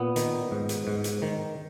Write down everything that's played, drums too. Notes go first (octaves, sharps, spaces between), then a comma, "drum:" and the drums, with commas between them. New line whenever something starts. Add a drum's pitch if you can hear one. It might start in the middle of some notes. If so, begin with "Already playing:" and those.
Already playing: A#2 B3
D#3, drum: hi-hat
G#2
drum: hi-hat
G#2
drum: hi-hat
D#3